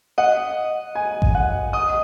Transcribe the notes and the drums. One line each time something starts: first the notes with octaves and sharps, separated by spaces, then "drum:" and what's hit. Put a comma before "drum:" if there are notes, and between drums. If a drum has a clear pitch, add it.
D#5 F#5
G#5
drum: kick A1
F#5
D#5 D#6